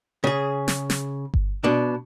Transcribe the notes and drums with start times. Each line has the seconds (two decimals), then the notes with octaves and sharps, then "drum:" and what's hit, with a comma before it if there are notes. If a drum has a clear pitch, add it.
0.24 C#3 G#4
0.68 drum: snare
0.90 drum: snare
1.34 drum: kick G1
1.64 B2 D4